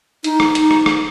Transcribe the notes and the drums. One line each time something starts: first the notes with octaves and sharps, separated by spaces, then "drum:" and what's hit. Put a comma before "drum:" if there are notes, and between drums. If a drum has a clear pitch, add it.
D#4, drum: hi-hat
drum: rim click
drum: hi-hat
drum: rim click
drum: rim click